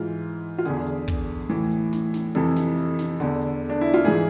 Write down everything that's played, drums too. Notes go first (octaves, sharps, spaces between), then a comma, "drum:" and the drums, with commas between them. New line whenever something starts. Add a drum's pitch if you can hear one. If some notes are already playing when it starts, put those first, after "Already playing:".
Already playing: G#2 E3 F4
F4
E2 D3 G#4, drum: hi-hat
drum: hi-hat
drum: kick, hi-hat
A2 E3, drum: hi-hat
drum: hi-hat
drum: snare
drum: snare
F2 C3 E3 A4, drum: open hi-hat
drum: snare
drum: hi-hat
drum: snare
E2 D3, drum: hi-hat
drum: hi-hat
D4
E4
F4
G#2 E3 G#4, drum: hi-hat